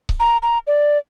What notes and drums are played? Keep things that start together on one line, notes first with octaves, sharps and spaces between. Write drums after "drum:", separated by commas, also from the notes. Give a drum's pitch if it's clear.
drum: kick C#1
A#5
A#5
D5